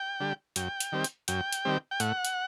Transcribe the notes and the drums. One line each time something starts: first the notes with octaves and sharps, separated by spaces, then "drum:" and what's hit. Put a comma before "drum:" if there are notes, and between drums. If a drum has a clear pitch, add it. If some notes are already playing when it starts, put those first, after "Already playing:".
Already playing: G5
D3 G3
F#2 G5, drum: hi-hat
drum: hi-hat
D#3 G3 C4
drum: hi-hat
F#2 G5, drum: hi-hat
drum: hi-hat
D#3 G3 C4
G5
A2 F#5, drum: hi-hat
drum: hi-hat